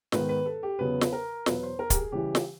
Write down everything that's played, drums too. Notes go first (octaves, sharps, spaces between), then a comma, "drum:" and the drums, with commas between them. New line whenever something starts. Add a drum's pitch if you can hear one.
G#2 D#3 G#3 B3 B4, drum: snare
B4
A4
G4
E2 C#3 F#3 B3 B4
drum: snare
A#4
E2 B2 F#3 B4, drum: snare
C5
A#4
G4, drum: kick, hi-hat
G#4
C#3 E3 G3 G4
drum: snare